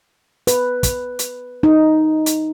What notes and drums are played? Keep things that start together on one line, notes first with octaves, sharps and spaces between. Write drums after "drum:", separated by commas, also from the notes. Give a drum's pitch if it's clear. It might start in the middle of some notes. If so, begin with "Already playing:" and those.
B4, drum: hi-hat
drum: kick, hi-hat
drum: hi-hat
D#4
drum: hi-hat